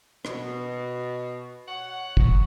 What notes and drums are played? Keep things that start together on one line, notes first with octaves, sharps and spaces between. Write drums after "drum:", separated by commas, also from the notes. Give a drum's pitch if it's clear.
B2, drum: rim click
C#5 F#5
drum: kick